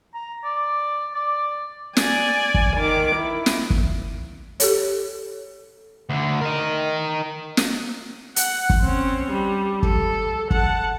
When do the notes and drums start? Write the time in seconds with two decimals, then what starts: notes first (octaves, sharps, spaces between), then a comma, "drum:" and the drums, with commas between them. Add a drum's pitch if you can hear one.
0.14 A#5
0.44 D5
1.14 D5
1.97 D5 G#5, drum: snare
2.54 drum: kick G1
2.77 D#3 D6
3.16 E4
3.46 drum: snare
3.70 drum: kick G1
4.60 G4 A4 C#5, drum: hi-hat
6.09 D2 D3
6.41 A#4 D#5
7.57 drum: snare
8.36 F#5, drum: hi-hat
8.70 drum: kick G1
8.81 C4 C#4
9.30 G3
9.83 A4, drum: kick G1
10.51 F#5 A5, drum: kick G1